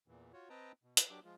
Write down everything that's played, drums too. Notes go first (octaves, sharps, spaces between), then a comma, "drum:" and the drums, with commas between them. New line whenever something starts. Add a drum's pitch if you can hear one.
E2 A#2 E3
F4 F#4 C#5
C4 B4 D#5 G5 A5 A#5
B2
drum: hi-hat
F#3 D4 G4 D6
F3 G#3 F4